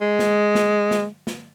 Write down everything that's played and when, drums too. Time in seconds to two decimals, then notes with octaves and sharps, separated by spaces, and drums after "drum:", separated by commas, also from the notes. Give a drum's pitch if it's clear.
0.01 G#3
0.19 drum: snare
0.55 drum: snare
0.91 drum: snare
1.27 drum: snare